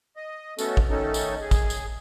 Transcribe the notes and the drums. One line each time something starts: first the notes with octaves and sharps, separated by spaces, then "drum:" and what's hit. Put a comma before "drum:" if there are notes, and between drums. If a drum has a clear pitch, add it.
D#5
A3 B3 C#4 F#4 A4, drum: tambourine
drum: kick
D#3 A3 C#4 D#4 A4
drum: tambourine
G#4
drum: kick, tambourine
drum: tambourine